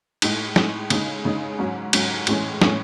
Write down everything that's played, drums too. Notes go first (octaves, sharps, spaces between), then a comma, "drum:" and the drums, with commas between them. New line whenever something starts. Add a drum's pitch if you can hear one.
A2 G#3 D#4, drum: cymbal
A2 G#3 D#4, drum: snare
C#3 G#3 D#4, drum: cymbal
C#3 G#3 D#4
G#2 F#3 C#4
G#2 F#3 C#4, drum: cymbal
A2 E3 G#3 C#4, drum: cymbal
A2 E3 G#3 C#4, drum: snare